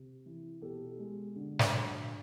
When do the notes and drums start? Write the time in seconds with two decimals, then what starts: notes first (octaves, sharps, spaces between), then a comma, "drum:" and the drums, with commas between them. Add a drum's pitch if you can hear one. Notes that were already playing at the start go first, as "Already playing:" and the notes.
Already playing: C3
0.26 E3
0.62 B2 G4 A4
0.99 G#3
1.36 D3
1.59 drum: snare
1.72 F#3